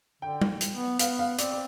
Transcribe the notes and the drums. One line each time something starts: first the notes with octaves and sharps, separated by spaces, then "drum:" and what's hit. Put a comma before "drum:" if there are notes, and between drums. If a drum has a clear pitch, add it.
D3 G5
drum: tom G3
drum: hi-hat
B3
B3 F5, drum: hi-hat
F5
C4 D5, drum: hi-hat
D5